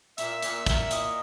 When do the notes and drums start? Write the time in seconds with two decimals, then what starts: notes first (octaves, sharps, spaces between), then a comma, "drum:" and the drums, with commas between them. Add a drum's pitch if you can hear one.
0.18 A#2 E5, drum: hi-hat
0.42 A#2, drum: hi-hat
0.66 A#2, drum: kick, hi-hat
0.91 E4 D#5, drum: hi-hat